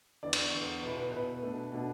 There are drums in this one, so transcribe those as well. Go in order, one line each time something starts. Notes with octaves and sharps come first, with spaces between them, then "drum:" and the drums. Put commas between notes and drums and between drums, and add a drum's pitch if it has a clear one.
E2 D3 B3 D5
drum: cymbal
E2 D3 B3
B2 B3 E4 B4
B4
B2 B3 E4 B4
B2 A3 D4
B2 A3 D4